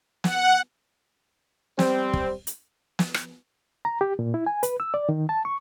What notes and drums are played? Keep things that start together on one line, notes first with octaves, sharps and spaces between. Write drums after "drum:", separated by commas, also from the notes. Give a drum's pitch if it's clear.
F#5, drum: snare
G3 C4, drum: snare
drum: kick
drum: hi-hat
drum: snare
drum: rim click
A#5
G4
A#2
E4
G#5
B4, drum: hi-hat
E6
D5
D#3
A5
C#6